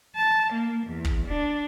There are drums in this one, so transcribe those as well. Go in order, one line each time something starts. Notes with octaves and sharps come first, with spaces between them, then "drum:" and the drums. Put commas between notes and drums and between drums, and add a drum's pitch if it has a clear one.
A5
A#3
E2
drum: kick
D4